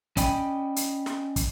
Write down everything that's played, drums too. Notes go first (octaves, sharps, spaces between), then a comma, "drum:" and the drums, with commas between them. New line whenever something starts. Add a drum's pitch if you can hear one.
C#4 D5 D#5 G5 B5, drum: kick, hi-hat
drum: hi-hat
drum: snare
drum: kick, hi-hat